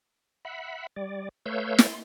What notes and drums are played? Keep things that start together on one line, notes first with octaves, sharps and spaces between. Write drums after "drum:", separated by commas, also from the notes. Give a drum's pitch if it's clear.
E5 F#5 B5
G3 D5
A3 B4 C#5 F5 E6 G6
drum: snare
C6